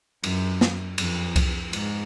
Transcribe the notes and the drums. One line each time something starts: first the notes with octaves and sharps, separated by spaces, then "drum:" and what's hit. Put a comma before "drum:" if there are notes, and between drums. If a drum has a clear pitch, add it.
F#2, drum: cymbal
drum: snare
F2, drum: cymbal
drum: kick C2, cymbal
G#2, drum: cymbal